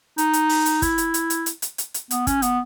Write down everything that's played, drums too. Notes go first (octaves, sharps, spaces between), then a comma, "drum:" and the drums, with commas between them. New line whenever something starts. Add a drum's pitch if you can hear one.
D#4, drum: hi-hat
drum: hi-hat
drum: open hi-hat
drum: hi-hat
E4, drum: kick, hi-hat
drum: hi-hat
drum: hi-hat
drum: hi-hat
drum: hi-hat
drum: hi-hat
drum: hi-hat
drum: hi-hat
B3, drum: hi-hat
C#4, drum: kick, hi-hat
B3, drum: hi-hat